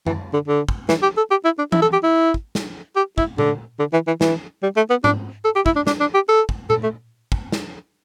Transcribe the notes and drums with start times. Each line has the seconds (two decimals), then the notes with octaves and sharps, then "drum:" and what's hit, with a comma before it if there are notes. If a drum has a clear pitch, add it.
0.07 E3, drum: tom F#2
0.33 D3
0.48 D3
0.69 drum: kick
0.89 E3, drum: snare
1.03 G4
1.17 A4
1.31 G4
1.45 E4
1.59 D4
1.72 E4, drum: tom E3
1.82 A4
1.93 G4
2.03 E4
2.34 drum: kick
2.55 drum: snare
2.96 G4
3.18 E4, drum: kick
3.38 D3, drum: tom A#2
3.79 D3
3.93 E3
4.07 E3
4.21 E3, drum: snare
4.63 G3
4.77 A3
4.90 B3
5.04 D4, drum: tom G#2
5.45 A4
5.56 G4
5.66 E4, drum: kick
5.76 D4
5.87 D4, drum: snare
6.00 D4
6.14 G4
6.29 A4
6.49 drum: kick
6.70 A4, drum: tom A#2
6.83 A3
7.32 drum: kick
7.52 drum: snare